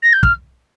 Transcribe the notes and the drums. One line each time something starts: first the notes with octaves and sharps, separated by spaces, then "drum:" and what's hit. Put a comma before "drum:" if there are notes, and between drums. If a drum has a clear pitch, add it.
A#6
G6
F6, drum: kick